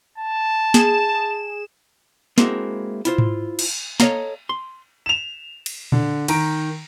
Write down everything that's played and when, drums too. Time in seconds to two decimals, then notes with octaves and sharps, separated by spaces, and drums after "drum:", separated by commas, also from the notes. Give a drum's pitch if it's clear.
0.18 A5
0.74 G#4 E7, drum: snare
2.38 G#3 A#3 C4 E4 F#4 E5, drum: snare
3.05 E4 F4 C5, drum: hi-hat
3.18 drum: tom G#2
3.59 drum: cymbal
4.00 A4 C#5 D#5 F5 A#5, drum: snare
4.49 C6
5.06 E7 F7
5.66 drum: cymbal
5.92 D3, drum: tom A#2
6.28 D#3 A#5 D7, drum: cymbal